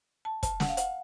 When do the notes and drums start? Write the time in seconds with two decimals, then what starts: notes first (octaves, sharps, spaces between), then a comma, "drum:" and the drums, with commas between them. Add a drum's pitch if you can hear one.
0.25 A5
0.43 A5, drum: kick, hi-hat
0.60 F#5, drum: snare
0.69 F5
0.77 F#5, drum: hi-hat